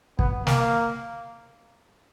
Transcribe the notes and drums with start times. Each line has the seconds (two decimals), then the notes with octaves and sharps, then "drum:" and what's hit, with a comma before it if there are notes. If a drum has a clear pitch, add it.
0.19 B3, drum: kick
0.47 A#3, drum: snare